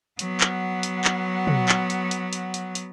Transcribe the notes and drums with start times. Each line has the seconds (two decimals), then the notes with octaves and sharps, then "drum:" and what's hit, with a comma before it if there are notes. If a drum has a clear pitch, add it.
0.19 F#3 B3, drum: hi-hat
0.40 drum: clap
0.83 drum: hi-hat
1.05 drum: clap
1.47 drum: tom
1.69 drum: clap
1.90 drum: hi-hat
2.11 drum: hi-hat
2.33 drum: hi-hat
2.54 drum: hi-hat
2.75 drum: hi-hat